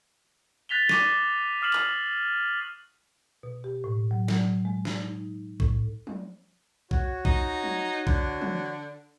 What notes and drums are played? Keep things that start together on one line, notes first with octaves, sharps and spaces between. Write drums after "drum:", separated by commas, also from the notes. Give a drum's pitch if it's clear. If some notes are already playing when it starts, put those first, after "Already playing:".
F#6 A6 B6 F7 G7
C#6 D6 A#6 C7 D#7, drum: snare
D#6 F6 B6 C7 E7 F#7
drum: clap
B2
G4
A2
F#3
F#3, drum: snare
G#3
drum: snare
D#4
A2, drum: kick
drum: tom
F#4 C#5, drum: kick
D#4, drum: kick
drum: tom
D3, drum: kick
drum: tom